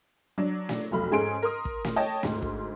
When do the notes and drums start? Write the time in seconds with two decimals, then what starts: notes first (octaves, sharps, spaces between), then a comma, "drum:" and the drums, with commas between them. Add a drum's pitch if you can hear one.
0.38 F#3 D4
0.69 drum: snare
0.91 F1 B1 B5
1.11 G#2 C#4 G#4 A4 C6 D7
1.42 A#4 C6 D#6
1.65 drum: kick
1.84 drum: snare
1.96 C#5 D#5 G5 A5
2.23 D2 G#2, drum: snare
2.42 drum: kick